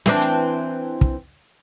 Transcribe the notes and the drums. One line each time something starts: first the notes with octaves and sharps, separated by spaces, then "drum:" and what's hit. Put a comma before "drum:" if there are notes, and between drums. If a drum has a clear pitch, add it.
E3 C4 D4, drum: snare
drum: hi-hat
drum: kick